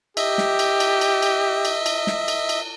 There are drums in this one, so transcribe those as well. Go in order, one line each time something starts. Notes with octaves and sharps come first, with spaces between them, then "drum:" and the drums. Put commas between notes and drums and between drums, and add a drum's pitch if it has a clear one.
G4 D#5 E5, drum: cymbal
drum: snare
drum: cymbal
drum: cymbal
drum: cymbal
drum: cymbal
drum: cymbal
drum: cymbal
drum: snare
drum: cymbal
drum: cymbal